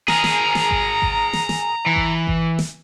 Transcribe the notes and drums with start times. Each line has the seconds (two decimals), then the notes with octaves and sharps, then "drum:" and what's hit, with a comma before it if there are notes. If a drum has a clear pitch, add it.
0.08 G#4 A#4 A#5, drum: snare
0.24 drum: snare
0.55 drum: snare
0.71 drum: kick G#1
1.02 drum: kick G#1
1.33 drum: snare
1.49 drum: snare
1.86 E3
1.96 drum: kick G#1
2.27 drum: kick G#1
2.59 drum: snare